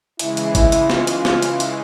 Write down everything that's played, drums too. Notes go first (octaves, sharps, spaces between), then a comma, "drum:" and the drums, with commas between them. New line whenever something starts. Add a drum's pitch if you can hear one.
C#3 E3 G#3 E4, drum: hi-hat
drum: hi-hat
E4, drum: kick, hi-hat
drum: hi-hat
F4, drum: snare
drum: hi-hat
F4, drum: snare
drum: hi-hat
drum: hi-hat